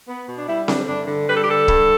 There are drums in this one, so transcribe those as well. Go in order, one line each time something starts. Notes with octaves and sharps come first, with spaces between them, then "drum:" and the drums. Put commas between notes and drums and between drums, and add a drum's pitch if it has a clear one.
B3
B2
D4
G3 E4
D3 D4, drum: snare C4
G2 D4
D3
G3 B4
A4
G4
D3 A4
G2, drum: kick